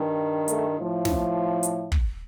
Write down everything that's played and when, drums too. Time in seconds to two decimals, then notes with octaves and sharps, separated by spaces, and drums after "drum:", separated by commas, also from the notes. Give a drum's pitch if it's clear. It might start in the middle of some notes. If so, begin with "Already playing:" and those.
Already playing: G2 D#3
0.48 A3, drum: hi-hat
0.77 A2 F3
1.05 drum: snare
1.63 drum: hi-hat
1.92 drum: kick